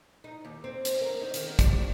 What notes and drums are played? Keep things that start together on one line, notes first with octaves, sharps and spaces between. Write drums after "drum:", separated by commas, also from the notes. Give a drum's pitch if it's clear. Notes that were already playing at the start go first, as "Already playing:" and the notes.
D#4
D#2
C4
drum: hi-hat
A#4
D#4
D#3, drum: hi-hat
G3, drum: kick, hi-hat